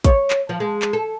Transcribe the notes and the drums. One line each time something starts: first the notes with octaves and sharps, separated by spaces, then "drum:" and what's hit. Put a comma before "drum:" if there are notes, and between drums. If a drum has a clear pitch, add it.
C#5, drum: kick, hi-hat
drum: clap
F3
G#3
drum: clap
A4